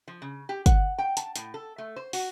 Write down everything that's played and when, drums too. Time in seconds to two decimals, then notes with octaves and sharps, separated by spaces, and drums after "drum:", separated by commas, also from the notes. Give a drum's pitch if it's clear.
0.08 F3
0.22 C#3
0.49 G4
0.66 F#5, drum: kick G1, hi-hat
0.98 G5
1.17 A5, drum: hi-hat
1.36 A2, drum: hi-hat
1.54 A4
1.78 A3
1.96 C5
2.13 F#4, drum: open hi-hat